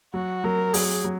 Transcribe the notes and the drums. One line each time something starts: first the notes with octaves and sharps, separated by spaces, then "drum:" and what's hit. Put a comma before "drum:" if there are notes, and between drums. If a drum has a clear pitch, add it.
F#3 F#4
F#3 A#4
F#3 G#4, drum: open hi-hat
F#3